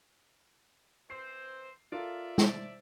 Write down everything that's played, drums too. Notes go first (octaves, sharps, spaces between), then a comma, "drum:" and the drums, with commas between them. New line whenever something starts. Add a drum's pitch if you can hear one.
E3 C4 C5 C7
F4 A4 A#4 D5 E5
C5, drum: snare